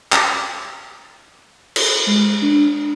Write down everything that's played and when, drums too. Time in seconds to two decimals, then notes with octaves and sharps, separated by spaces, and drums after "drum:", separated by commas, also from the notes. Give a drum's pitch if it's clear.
0.12 G5, drum: clap
1.76 drum: cymbal
2.07 G#3
2.42 D4